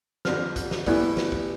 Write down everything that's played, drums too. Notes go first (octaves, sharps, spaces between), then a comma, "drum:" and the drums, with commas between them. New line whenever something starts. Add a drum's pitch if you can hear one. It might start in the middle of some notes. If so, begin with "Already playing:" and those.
F2 D3 G3 C4 F6, drum: snare
drum: kick, hi-hat
drum: snare
A2 E3 G3 B3 E4, drum: kick, open hi-hat
drum: snare
drum: kick